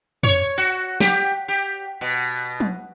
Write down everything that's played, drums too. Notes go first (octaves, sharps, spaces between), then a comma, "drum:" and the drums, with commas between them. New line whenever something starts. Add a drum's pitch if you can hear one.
C#5, drum: tom
F#4
G4, drum: snare
G4
B2
drum: tom